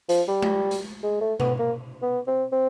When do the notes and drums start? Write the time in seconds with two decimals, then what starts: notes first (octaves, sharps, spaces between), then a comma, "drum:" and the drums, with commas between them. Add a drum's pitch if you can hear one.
0.09 F3, drum: hi-hat
0.28 G3
0.42 drum: tom G#3
0.71 drum: hi-hat
1.03 G#3
1.21 A3
1.40 B3, drum: tom B2
1.59 A#3
2.02 B3
2.27 C4
2.52 C4